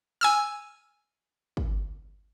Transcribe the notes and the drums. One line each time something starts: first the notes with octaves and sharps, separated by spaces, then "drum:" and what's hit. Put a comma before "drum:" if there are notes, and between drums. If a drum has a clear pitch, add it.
G#5 E6 F6
drum: kick